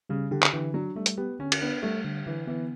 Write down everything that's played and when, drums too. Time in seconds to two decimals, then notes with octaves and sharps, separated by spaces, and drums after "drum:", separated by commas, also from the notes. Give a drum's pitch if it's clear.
0.09 C#3 G3
0.31 D3 G4
0.43 drum: clap
0.53 D3 E3
0.74 F#3 D4
0.96 G3 A3
1.06 drum: hi-hat
1.17 B3 G4
1.39 D3 C#4
1.52 drum: cymbal
1.61 B3 D4
1.83 G3 A3
2.04 D3
2.26 D3 E3
2.47 E3 B3